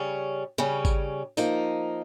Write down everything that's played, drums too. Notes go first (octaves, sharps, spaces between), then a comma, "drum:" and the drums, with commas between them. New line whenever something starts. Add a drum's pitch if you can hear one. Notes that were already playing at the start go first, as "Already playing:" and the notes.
Already playing: C#3 G3 C#4
C#3 G3 C#4
drum: kick G#1, tambourine
F3 A#3 D#4, drum: tambourine